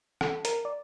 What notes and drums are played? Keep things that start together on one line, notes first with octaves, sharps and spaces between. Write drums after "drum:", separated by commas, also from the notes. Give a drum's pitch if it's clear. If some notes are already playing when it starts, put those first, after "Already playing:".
A4, drum: rim click
A#4, drum: hi-hat
D5